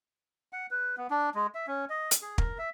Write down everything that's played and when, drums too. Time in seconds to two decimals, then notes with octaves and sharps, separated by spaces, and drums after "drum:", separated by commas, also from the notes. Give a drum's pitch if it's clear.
0.53 F#5
0.71 B4
0.97 B3
1.10 D4
1.35 G#3
1.55 E5
1.67 C#4
1.90 D#5
2.11 drum: hi-hat
2.22 G#4
2.38 A#4, drum: kick
2.58 E5